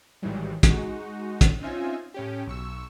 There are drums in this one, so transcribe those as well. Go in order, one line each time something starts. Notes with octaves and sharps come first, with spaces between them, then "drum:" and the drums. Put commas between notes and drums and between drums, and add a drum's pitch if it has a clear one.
A1 G#2 D#3 E3 F#3 G3
G#3 D#4 F#4, drum: kick, hi-hat
drum: kick, hi-hat
C4 C#4 D#4 F4 E5 G#5
A2 C#4 G4
B1 C#6 E6